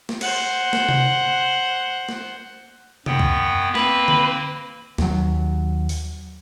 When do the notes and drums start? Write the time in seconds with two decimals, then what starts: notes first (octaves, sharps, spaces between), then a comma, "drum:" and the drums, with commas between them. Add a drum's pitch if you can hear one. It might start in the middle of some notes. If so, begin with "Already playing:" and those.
0.09 drum: snare
0.21 C5 F#5, drum: cymbal
0.73 drum: snare
0.89 drum: tom C3
2.09 drum: snare
3.06 F#2 B3 G5, drum: tom C3
3.19 drum: kick
3.75 A#3 C4 B4, drum: snare
4.08 drum: tom D3
4.98 D#2 F#3, drum: snare
5.89 drum: open hi-hat